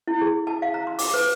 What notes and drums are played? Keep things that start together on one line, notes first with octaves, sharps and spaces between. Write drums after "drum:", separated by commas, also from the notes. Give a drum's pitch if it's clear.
E4
G#4
A5
F5
A#5
C6
D6, drum: open hi-hat
B4